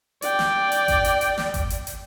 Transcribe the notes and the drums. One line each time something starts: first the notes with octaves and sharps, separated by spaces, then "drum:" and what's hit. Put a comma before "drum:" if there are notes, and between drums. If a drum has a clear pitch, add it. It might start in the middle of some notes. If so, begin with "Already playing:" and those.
D5 G5, drum: hi-hat
drum: snare
drum: hi-hat
drum: kick G1, hi-hat
drum: hi-hat
drum: hi-hat
drum: snare
drum: kick G1, hi-hat
drum: hi-hat
drum: hi-hat